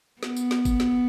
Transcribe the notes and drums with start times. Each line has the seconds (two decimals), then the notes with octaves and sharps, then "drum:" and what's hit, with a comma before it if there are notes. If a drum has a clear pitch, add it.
0.23 B3, drum: snare
0.36 drum: tambourine
0.51 drum: snare
0.65 drum: kick G1, tambourine
0.80 drum: snare